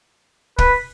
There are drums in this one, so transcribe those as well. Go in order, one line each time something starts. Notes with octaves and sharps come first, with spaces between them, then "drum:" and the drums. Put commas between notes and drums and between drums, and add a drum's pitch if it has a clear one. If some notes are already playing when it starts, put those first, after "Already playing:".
B4, drum: kick